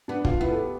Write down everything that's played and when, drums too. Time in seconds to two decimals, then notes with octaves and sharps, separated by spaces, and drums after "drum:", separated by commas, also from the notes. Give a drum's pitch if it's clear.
0.08 B3 D4
0.25 F4, drum: kick
0.40 B3 E4
0.51 A4
0.57 G4